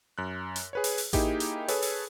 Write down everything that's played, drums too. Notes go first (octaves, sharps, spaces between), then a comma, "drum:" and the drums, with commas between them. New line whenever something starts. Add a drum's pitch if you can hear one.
F#2 F#6
drum: hi-hat
G#4 B4 C#5
drum: open hi-hat
drum: open hi-hat
A#3 D#4 E4 G4 G#4, drum: kick A1, hi-hat
drum: hi-hat
G#4 A4 B4 C#5, drum: open hi-hat
drum: open hi-hat